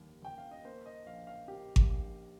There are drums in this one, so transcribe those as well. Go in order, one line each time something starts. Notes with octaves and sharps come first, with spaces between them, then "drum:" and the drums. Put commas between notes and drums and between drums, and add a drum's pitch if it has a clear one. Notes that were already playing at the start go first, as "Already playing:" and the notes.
Already playing: F1 D#2 G3
D#2 G5
F5
D#5
A#3 C5
D#5
A#1 F5
F5
A#3 G4
drum: kick G#1
A#1